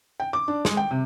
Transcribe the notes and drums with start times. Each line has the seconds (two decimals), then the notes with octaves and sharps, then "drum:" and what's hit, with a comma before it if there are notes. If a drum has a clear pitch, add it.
0.20 G5
0.33 D6
0.48 D4
0.65 G#3, drum: snare
0.77 G5
0.91 C3